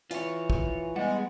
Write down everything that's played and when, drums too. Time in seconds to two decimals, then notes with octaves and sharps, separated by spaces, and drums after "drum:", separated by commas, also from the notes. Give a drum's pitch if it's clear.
0.11 E3 F4 C#5, drum: hi-hat
0.50 drum: kick
0.96 G3 G#3 B3 F#5